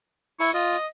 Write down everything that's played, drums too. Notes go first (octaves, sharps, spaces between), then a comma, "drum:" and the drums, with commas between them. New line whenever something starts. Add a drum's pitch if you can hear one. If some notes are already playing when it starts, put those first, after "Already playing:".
E4 C#6, drum: open hi-hat
F4 D#5
drum: hi-hat